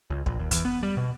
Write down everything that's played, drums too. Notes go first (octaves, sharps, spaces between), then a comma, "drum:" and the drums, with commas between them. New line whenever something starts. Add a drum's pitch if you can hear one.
C#2
A#1, drum: kick
D#2
E2, drum: kick, hi-hat
B3
G3
B2